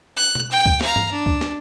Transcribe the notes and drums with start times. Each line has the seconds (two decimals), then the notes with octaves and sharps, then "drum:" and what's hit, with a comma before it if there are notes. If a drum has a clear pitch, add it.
0.17 F#6
0.35 drum: tom B2
0.51 G5
0.66 drum: kick C#2
0.81 F5 A#5, drum: snare
0.96 drum: tom G2
1.12 D4
1.26 drum: kick C#2
1.41 drum: snare